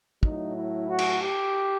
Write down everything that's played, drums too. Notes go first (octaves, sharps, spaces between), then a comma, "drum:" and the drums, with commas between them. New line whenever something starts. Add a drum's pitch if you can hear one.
A2 F#3 D#4, drum: kick
E4
F#4
drum: cymbal
G4